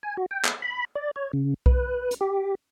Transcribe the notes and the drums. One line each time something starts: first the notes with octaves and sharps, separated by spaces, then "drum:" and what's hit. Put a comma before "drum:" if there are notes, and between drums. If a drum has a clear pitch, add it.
G#5
F#4
G5
drum: clap
B5
D5
C#5
C#3
B4, drum: kick B1
drum: hi-hat
G4